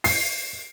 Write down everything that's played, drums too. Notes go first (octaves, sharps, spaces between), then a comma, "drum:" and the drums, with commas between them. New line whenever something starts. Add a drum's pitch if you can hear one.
C7, drum: open hi-hat